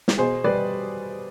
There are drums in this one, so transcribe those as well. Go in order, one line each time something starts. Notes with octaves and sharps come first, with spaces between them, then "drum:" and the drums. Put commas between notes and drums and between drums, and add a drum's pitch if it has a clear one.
drum: snare
B2 G#4 C5
G3 B4 D5